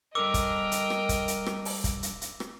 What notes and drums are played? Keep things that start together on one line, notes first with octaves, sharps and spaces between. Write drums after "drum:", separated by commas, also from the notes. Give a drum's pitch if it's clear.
G3 D4 A4 A#4 D#5 G5 D6 E6
drum: kick, hi-hat
drum: hi-hat
drum: rim click
drum: kick, hi-hat
drum: hi-hat
drum: rim click
drum: open hi-hat
drum: kick, hi-hat
drum: hi-hat
drum: hi-hat
drum: rim click